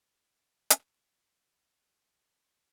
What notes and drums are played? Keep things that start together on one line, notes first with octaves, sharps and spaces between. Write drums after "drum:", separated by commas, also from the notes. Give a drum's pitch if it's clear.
F#5
drum: hi-hat
F3 G5 G#6